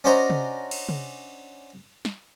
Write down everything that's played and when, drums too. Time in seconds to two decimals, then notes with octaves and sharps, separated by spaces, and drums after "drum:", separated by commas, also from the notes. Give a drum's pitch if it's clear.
0.04 C#4 D4 F#4 C5 D#5 A#5
0.30 drum: tom C3
0.71 drum: cymbal
0.89 drum: tom C3
2.05 drum: snare